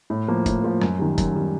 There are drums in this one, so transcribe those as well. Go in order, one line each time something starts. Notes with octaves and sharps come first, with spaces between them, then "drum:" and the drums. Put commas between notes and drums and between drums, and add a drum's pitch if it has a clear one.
A2
F3 A#3
A2, drum: kick, hi-hat
F3 A#3
F#2, drum: rim click
D#3 G3
F#2, drum: kick, hi-hat
D#3 G3